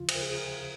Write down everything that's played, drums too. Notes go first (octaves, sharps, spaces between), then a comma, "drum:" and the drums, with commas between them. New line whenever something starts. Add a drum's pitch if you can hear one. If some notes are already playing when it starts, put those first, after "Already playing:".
Already playing: D#2 C#3 F3 F4
C5, drum: cymbal
A#4
G#4